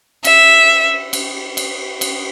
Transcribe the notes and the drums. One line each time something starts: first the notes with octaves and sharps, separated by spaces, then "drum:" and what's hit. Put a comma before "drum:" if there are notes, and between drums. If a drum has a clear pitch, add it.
E5, drum: cymbal
drum: cymbal
drum: cymbal
drum: cymbal